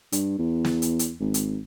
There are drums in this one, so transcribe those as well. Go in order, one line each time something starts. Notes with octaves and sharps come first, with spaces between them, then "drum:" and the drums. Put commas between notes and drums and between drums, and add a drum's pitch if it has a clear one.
G2, drum: hi-hat
E2
drum: snare
drum: hi-hat
drum: hi-hat
G#1
drum: hi-hat